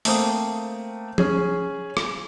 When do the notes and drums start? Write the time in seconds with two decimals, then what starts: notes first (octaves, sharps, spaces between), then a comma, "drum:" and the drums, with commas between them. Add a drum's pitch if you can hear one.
0.05 A3 A#3 C4 D#6, drum: open hi-hat
1.18 C#4 G#4, drum: tom
1.97 drum: rim click